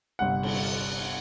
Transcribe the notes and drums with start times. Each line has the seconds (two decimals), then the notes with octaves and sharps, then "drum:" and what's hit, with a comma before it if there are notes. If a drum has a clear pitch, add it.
0.19 G1 C2 F#5
0.43 drum: cymbal